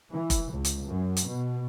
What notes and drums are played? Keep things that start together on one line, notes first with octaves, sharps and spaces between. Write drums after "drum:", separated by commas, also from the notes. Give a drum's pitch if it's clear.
E3
drum: kick F1, hi-hat
C#2
drum: hi-hat
F#2
drum: hi-hat
B2